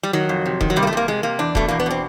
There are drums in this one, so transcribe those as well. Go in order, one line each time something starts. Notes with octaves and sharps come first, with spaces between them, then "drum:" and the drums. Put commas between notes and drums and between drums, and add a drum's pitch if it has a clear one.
G3
D#3 F#3
F2
C3
D#3, drum: kick E1
F#3
C3 G3
A#3
A3
C3 A#3
C3 G#3
C3 A#3
E2 D4
B2 A3, drum: kick E1
E2 A#3
B3
B2 C4